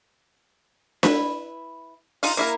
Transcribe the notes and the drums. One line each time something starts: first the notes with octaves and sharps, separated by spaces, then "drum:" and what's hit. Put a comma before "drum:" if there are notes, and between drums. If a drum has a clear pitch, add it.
E4 B4, drum: snare D4
D#4 F4 F5, drum: open hi-hat
A#3 E4 A#4